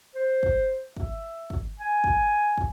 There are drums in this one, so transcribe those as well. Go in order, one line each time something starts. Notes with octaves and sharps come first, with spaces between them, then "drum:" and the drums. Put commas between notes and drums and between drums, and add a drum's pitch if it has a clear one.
C5
drum: kick
E5, drum: kick
drum: kick
G#5
drum: kick
drum: kick